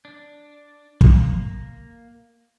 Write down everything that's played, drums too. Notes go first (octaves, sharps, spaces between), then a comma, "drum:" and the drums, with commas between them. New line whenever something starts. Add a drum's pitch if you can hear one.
D4
A#3, drum: kick